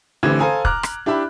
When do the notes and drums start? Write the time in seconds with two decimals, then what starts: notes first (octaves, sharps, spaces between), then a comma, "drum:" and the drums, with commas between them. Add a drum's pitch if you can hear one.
0.23 A1 D3 E3 C4 G4 G#6
0.39 A4 C5 F5 G#5 A#5 D#6
0.65 A#5 D6 F6 F#6, drum: kick
0.83 drum: rim click
1.06 D4 E4 G4 E5 B5